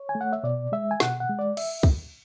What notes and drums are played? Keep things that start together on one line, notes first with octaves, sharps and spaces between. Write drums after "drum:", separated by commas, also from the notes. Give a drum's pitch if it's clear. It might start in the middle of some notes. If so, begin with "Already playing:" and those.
Already playing: C#5
G#5
A3
F#5
E5
B2 D5
G#3 E5
G#5
B2 F#5, drum: snare
F#5
G#3
D5
E5, drum: cymbal
drum: kick